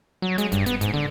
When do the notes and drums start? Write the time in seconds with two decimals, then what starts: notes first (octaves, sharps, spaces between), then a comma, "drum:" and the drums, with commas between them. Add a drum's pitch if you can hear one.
0.22 F#3
0.38 G#3, drum: hi-hat
0.52 G2, drum: kick D#1, hi-hat
0.66 B3, drum: hi-hat
0.81 G#2, drum: hi-hat
0.94 D3